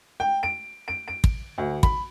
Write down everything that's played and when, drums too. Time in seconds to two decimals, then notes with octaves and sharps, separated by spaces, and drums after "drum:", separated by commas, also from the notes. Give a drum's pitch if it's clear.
0.20 G5
0.43 D7
0.88 D7
1.08 D7
1.24 drum: kick
1.58 D2
1.83 B5, drum: kick